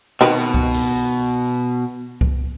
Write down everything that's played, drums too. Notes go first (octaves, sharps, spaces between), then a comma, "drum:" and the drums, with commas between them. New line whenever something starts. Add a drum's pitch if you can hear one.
B2 D#3 C4 B4
drum: kick C2
drum: open hi-hat
drum: kick C2